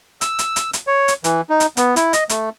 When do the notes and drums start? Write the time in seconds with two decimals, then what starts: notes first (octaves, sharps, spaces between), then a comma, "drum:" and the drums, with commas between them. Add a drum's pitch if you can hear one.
0.21 E6, drum: hi-hat
0.39 drum: hi-hat
0.56 drum: hi-hat
0.73 drum: hi-hat
0.87 C#5
1.08 drum: hi-hat
1.24 E3, drum: hi-hat
1.50 D#4
1.60 drum: hi-hat
1.77 B3, drum: hi-hat
1.96 E4, drum: hi-hat
2.13 D#5, drum: hi-hat
2.29 A3, drum: hi-hat